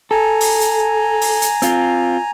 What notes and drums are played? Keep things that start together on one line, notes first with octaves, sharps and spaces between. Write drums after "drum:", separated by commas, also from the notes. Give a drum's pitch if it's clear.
A4 G#5 A#5
drum: open hi-hat
drum: hi-hat
drum: open hi-hat
drum: hi-hat
C4 F4, drum: hi-hat